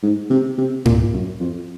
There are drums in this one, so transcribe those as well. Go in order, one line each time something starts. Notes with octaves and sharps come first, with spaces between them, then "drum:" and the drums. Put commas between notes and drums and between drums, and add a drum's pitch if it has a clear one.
G#2
C3
C3
A#2, drum: tom G#2
F#2
F2